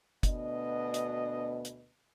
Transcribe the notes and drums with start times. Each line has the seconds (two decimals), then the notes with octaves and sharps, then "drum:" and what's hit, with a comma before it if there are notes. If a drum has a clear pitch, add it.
0.23 D2 B2 B3 D4 D#5, drum: kick, hi-hat
0.94 drum: hi-hat
1.65 drum: hi-hat